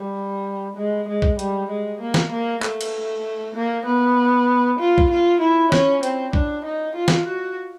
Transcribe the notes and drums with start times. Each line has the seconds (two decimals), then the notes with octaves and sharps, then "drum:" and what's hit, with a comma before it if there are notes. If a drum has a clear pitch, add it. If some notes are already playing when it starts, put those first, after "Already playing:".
Already playing: G3
0.77 G#3
1.08 G#3
1.22 drum: kick A#1
1.39 G3, drum: hi-hat
1.70 G#3
2.01 A#3
2.14 drum: snare
2.31 A#3
2.62 A3, drum: clap
2.81 drum: cymbal
3.55 A#3
3.86 B3
4.79 F4
4.98 drum: kick A#1
5.10 F4
5.41 E4
5.72 C#4, drum: snare
6.03 C4, drum: hi-hat
6.33 D4, drum: kick A#1
6.65 D#4
6.96 F4
7.08 drum: snare
7.27 F#4